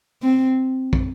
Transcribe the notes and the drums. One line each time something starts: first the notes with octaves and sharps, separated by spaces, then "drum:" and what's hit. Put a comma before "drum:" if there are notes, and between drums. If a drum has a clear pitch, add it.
C4
drum: kick